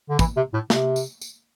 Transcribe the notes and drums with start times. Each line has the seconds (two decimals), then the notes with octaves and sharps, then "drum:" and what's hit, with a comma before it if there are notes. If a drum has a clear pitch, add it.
0.10 D3
0.19 E3, drum: kick, tambourine
0.36 C3
0.54 A2
0.70 C3, drum: snare
0.96 drum: tambourine
1.21 drum: tambourine